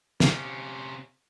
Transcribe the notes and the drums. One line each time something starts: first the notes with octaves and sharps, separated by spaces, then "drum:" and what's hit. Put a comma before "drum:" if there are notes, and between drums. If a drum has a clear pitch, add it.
C3 C#4, drum: snare